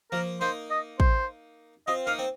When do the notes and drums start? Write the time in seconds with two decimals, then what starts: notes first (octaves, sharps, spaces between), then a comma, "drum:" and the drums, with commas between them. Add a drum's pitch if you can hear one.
0.12 F3 A#3 A#4
0.41 A#3 D#4 C5
0.71 D#5
1.00 C5, drum: kick
1.88 C4 F4 D#5
2.07 A#3 D#4 F5
2.19 C4